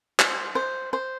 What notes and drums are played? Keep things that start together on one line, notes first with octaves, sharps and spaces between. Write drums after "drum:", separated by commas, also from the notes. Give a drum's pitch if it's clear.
C5, drum: clap
C5
C5